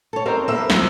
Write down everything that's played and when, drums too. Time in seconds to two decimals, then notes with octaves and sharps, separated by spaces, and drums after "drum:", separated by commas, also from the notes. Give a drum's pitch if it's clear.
0.13 A4 C#5
0.26 C4 A#4 C5 A#5
0.48 A#3 B3 A4 C5 E5
0.70 C2 F3 F#3, drum: snare